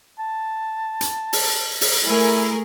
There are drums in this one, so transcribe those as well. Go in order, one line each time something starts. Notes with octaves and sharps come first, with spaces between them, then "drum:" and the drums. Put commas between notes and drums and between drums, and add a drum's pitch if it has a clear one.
A5
drum: hi-hat
drum: open hi-hat
drum: open hi-hat
A3 E4 G#4 A#4